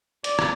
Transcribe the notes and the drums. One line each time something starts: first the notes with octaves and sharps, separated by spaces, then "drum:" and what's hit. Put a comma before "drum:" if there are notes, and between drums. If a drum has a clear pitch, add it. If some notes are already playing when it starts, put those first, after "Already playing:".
D5, drum: hi-hat
drum: rim click